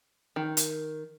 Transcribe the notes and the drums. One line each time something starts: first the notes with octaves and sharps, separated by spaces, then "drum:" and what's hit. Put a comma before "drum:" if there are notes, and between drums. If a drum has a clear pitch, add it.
D#3
drum: hi-hat